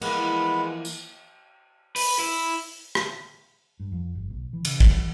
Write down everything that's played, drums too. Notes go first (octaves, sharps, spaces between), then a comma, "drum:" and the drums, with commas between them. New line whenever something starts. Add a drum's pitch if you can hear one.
E3 F3 G#3 A#3 B3 B4, drum: cymbal
drum: tambourine
B4, drum: open hi-hat
E4
drum: rim click
G2
F2
G1
B1
E3
C#3, drum: cymbal
G2, drum: kick
E3